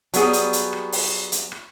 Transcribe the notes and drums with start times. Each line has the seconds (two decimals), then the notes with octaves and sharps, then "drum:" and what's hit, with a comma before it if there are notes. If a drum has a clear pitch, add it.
0.13 F#3 G3 B3 G#4, drum: hi-hat
0.33 drum: hi-hat
0.53 drum: hi-hat
0.73 drum: rim click
0.92 drum: open hi-hat
1.32 drum: hi-hat
1.52 drum: rim click